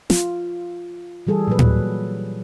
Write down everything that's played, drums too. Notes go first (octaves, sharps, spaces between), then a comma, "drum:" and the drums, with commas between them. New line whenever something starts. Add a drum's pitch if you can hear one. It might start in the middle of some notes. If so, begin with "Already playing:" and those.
F4, drum: snare
E3 G3 G#4 A4
A#2 F#3 B4
drum: tom A2